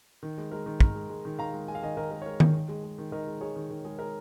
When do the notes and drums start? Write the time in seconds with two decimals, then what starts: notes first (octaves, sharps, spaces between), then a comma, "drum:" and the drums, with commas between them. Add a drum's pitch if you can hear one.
0.23 D#3
0.38 G#3
0.52 G#3 A#4
0.66 D#3
0.80 D#3 A#4, drum: kick
0.95 G#3
1.09 G#3
1.25 D#3
1.39 D#3 F5 A#5
1.53 G#3
1.68 G#3 G#5
1.75 F5
1.83 D#3 D#5 G#5
1.97 D#3 A#4 D#5
2.11 G#3 A#4
2.22 C#5
2.26 G#3 A#4
2.40 D#3, drum: tom D#3
2.54 D#3
2.69 G#3
2.83 G#3
2.98 D#3
3.12 D#3 A#4 D#5
3.27 G#3
3.41 G#3 G#4 C#5
3.56 D#3
3.70 D#3
3.84 G#3 G#4
3.99 G#3 A#4